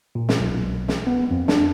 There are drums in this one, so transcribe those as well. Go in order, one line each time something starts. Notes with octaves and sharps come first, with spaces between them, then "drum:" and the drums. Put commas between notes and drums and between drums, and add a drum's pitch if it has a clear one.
A#2
drum: snare
B1
drum: snare
B3
F2
D4, drum: snare